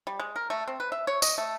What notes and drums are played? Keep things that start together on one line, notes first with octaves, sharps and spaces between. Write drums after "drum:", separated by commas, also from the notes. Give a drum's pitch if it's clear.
G3
G#3
A#4
A3
C4
B4
E5
C#5
D#5, drum: tambourine
A3